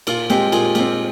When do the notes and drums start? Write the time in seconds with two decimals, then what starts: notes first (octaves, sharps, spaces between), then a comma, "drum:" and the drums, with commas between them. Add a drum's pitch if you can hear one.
0.07 A#2 F4, drum: cymbal
0.30 G#3 C4 G4, drum: cymbal
0.52 A#2 G#4, drum: cymbal
0.75 G#3 C4 G4, drum: cymbal